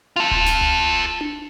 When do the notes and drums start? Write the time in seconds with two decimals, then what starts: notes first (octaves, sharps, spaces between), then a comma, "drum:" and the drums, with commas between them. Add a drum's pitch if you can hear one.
0.16 F4 A4
0.31 drum: kick D1
0.46 drum: snare
0.61 drum: tom C2
1.21 drum: tom D4